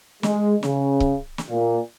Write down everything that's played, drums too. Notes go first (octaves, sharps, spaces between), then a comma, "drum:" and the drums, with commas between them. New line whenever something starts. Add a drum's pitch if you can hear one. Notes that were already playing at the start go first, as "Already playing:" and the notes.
G#3, drum: snare
C#3, drum: snare
drum: kick C#1
drum: snare
A#2